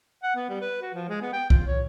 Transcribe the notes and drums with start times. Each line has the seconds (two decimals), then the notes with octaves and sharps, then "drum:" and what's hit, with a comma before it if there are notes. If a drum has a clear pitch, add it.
0.23 F#5
0.36 B3
0.49 G3
0.61 B4
0.81 F#4
0.94 F3
1.09 G#3
1.21 B3
1.33 G5
1.50 F4, drum: kick C2
1.67 C#5